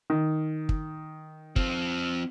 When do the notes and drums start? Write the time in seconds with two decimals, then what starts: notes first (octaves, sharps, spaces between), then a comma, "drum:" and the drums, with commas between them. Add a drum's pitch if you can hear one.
0.10 D#3
0.69 drum: kick
1.56 F3 C4, drum: kick